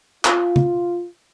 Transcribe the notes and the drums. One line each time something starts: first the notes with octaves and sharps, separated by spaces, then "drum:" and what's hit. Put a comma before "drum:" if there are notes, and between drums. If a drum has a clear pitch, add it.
F4, drum: clap
drum: tom C#3